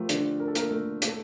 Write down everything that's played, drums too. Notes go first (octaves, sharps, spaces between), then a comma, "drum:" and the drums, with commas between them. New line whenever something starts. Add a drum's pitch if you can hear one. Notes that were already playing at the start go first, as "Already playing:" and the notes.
Already playing: F3 G3 A3 F4 G4 A#4
D3 D4, drum: hi-hat
A#4
A4
A#3 A#4, drum: hi-hat
A3 A4
A3 A4, drum: hi-hat